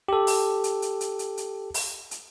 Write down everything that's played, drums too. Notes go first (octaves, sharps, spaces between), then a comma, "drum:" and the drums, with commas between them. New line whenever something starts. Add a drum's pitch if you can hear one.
G4 A4
drum: open hi-hat
drum: hi-hat
drum: hi-hat
drum: hi-hat
drum: hi-hat
drum: hi-hat
drum: open hi-hat
drum: hi-hat